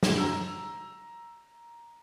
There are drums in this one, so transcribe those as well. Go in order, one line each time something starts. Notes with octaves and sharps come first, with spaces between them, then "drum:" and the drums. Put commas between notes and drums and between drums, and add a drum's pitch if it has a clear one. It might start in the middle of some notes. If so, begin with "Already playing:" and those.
drum: snare
A#5 E6